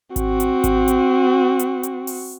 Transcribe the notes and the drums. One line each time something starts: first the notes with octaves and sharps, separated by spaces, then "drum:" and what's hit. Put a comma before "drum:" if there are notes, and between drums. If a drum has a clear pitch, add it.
C4 F#4, drum: kick G#1, hi-hat
drum: hi-hat
drum: kick G#1, hi-hat
drum: hi-hat
drum: hi-hat
drum: hi-hat
drum: open hi-hat